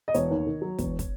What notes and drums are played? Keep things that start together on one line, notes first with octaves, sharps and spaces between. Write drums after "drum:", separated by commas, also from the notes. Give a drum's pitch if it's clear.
D#5
E1 C#5, drum: hi-hat
D#2
D#3
F#3
E1, drum: kick, hi-hat
drum: kick, hi-hat